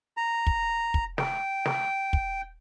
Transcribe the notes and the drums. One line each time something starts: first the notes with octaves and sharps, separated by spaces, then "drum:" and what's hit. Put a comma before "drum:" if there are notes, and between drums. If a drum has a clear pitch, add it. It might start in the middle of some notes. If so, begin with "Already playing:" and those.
A#5
drum: kick
drum: kick
G5, drum: snare
drum: snare
drum: kick